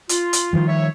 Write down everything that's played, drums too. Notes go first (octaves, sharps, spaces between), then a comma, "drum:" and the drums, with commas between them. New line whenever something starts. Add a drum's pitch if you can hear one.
F4, drum: hi-hat
drum: hi-hat
D#3 F3 G3
C#5 E5